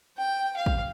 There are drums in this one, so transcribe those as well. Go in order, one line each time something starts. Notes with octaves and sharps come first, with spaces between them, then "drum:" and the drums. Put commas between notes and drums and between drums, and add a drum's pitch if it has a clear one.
G5
F5
drum: kick